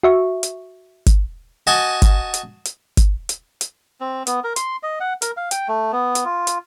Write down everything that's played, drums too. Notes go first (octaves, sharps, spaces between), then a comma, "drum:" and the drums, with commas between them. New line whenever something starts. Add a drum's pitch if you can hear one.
F#4 E5 C#6
drum: hi-hat
drum: kick G#1, hi-hat
F#4 D#5 G#5 A5
drum: kick G#1, hi-hat
drum: hi-hat
drum: hi-hat
drum: kick G#1, hi-hat
drum: hi-hat
drum: hi-hat
C4
B3, drum: hi-hat
A#4
C6, drum: hi-hat
D#5
F#5
A#4, drum: hi-hat
F5
G5, drum: hi-hat
A3
B3
drum: hi-hat
F4
drum: hi-hat